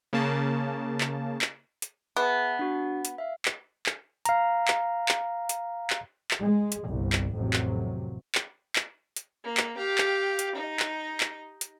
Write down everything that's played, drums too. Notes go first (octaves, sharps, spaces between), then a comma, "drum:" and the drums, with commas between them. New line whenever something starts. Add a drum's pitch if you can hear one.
C#3 A#3 A5
drum: clap
drum: clap
drum: hi-hat
B3 G#4 E5 A5
D4 F#4
drum: hi-hat
E5 F5
drum: clap
drum: clap
F5 A#5, drum: hi-hat
drum: clap
drum: clap
drum: hi-hat
drum: clap
drum: clap
G#3
drum: hi-hat
G1 C2
drum: clap
A1 F2 C3 F#3
drum: clap
drum: clap
drum: clap
drum: hi-hat
A#3
drum: clap
G4 F5
drum: clap
drum: hi-hat
D#4 D#5
drum: clap
drum: clap
drum: hi-hat